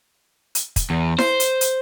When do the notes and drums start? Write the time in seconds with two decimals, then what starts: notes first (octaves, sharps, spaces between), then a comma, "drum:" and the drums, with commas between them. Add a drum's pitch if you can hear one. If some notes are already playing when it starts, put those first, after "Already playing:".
0.55 drum: hi-hat
0.76 drum: kick, hi-hat
0.90 E2
1.18 C5, drum: snare E4
1.40 drum: hi-hat
1.61 drum: hi-hat